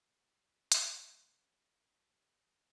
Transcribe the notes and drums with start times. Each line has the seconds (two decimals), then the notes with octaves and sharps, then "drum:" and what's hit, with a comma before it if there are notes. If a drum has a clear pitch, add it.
0.19 G#1 D3 B6
0.72 drum: hi-hat
0.83 A#2 C#3 G#3 C#4 E4 F#4
1.56 D6 F#6
2.06 D#3 F#4 G4 A4 A6